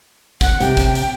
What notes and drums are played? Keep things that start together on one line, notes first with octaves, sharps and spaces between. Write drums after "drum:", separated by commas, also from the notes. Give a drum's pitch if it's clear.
F#5, drum: kick, hi-hat
C3 G5, drum: hi-hat
drum: kick, hi-hat
drum: hi-hat